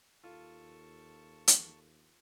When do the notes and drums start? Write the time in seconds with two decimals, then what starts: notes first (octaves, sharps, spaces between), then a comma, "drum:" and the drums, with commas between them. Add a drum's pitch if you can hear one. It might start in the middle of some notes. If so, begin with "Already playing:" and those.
0.24 D#2 F4 A4 A5 C#6
1.48 drum: hi-hat